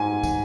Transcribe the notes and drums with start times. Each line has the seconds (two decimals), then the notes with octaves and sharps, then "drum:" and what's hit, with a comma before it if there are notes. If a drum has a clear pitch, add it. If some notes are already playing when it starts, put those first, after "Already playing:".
Already playing: G#2 G#5
0.23 drum: kick, tambourine